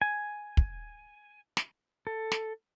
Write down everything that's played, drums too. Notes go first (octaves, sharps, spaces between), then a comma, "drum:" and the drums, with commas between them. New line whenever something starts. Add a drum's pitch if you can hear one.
G#5
drum: kick
drum: snare
A4
drum: snare